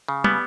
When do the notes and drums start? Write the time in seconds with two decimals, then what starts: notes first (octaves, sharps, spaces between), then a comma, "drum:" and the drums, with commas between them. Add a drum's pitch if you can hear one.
0.08 C#3
0.24 G3 B3, drum: tom